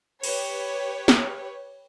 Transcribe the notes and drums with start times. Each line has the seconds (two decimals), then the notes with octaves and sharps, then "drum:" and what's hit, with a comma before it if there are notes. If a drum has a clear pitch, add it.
0.23 G4 B4 C#5, drum: cymbal
1.08 drum: snare